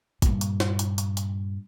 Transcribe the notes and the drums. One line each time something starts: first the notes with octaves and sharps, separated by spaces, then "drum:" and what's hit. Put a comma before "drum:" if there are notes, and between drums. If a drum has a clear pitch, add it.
G2 A#2, drum: kick, hi-hat
drum: hi-hat
drum: snare
drum: hi-hat
drum: hi-hat
drum: hi-hat